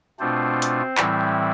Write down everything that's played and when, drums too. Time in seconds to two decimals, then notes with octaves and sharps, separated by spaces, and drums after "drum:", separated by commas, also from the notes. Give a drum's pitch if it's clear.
0.19 B2 A3 C4 D4 F4 C5
0.62 drum: hi-hat
0.97 A2 E3 G3 C4 E4, drum: clap